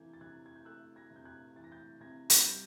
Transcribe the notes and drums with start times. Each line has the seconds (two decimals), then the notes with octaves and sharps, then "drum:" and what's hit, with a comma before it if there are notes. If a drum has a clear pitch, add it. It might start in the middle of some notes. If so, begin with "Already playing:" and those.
Already playing: C3 E3 A3 G6 G#6
0.13 A6
0.21 C3 F#6 G#6
0.46 G#6
0.56 G6
0.65 A3 E6 F#6
0.96 G#6 A#6
1.11 C3
1.16 G6
1.25 F#6 G#6
1.56 E3 A6
1.64 A#6
1.72 G6 A6
2.01 C3 G#6 A#6
2.30 drum: hi-hat
2.46 G3 G6 A6